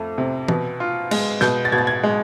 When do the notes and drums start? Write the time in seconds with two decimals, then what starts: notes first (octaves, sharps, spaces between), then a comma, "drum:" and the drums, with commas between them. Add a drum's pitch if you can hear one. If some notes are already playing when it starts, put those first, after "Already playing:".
Already playing: F2 A3
0.18 C3
0.48 B2, drum: tom
0.80 F4
1.11 G#3, drum: cymbal
1.41 B2 G6, drum: snare
1.65 A6
1.72 B2 G#6
1.78 A6
1.87 G#6
2.03 G#3